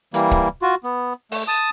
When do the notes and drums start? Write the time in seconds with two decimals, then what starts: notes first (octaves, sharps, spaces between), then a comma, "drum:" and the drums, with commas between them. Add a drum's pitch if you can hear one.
0.14 E3 G3 A#3, drum: hi-hat
0.31 drum: kick
0.62 F4 F#4
0.84 B3
1.32 A3, drum: open hi-hat
1.48 A5 D#6